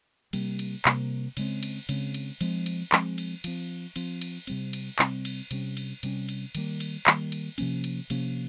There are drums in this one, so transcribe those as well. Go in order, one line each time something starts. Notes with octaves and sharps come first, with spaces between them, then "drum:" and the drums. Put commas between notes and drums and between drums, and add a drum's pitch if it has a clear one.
C3 G3 A#3, drum: cymbal
drum: cymbal
C3 G3 A#3, drum: clap
C#3 G#3 C4, drum: cymbal
drum: cymbal
C#3 G#3 C4, drum: cymbal
drum: cymbal
F3 G#3 C4, drum: cymbal
drum: cymbal
F3 G#3 C4, drum: clap
drum: cymbal
F3 C4, drum: cymbal
F3 C4, drum: cymbal
drum: cymbal
C3 G3 C4, drum: cymbal
drum: cymbal
C3 G3 C4, drum: clap
drum: cymbal
C3 G3 C#4, drum: cymbal
drum: cymbal
C3 G3 C#4, drum: cymbal
drum: cymbal
D#3 G3 A#3, drum: cymbal
drum: cymbal
D#3 G3 A#3, drum: clap
drum: cymbal
C3 F3 A#3 C#4, drum: cymbal
drum: cymbal
C3 F3 A#3 C#4, drum: cymbal